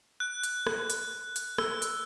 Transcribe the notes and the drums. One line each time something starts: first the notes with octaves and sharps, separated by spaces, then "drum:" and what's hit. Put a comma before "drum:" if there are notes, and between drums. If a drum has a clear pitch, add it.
F#6
drum: hi-hat
drum: rim click
drum: hi-hat
drum: hi-hat
E6, drum: rim click
drum: hi-hat